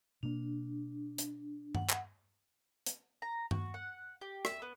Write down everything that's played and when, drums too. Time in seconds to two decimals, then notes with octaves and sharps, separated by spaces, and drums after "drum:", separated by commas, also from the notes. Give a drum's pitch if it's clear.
0.23 B2 A#3 D4
1.18 drum: hi-hat
1.75 F#5, drum: tom G2
1.90 drum: clap
2.86 drum: hi-hat
3.22 A#5
3.51 F#4, drum: tom G2
3.74 F#5
4.21 G4
4.45 E5, drum: rim click
4.62 B3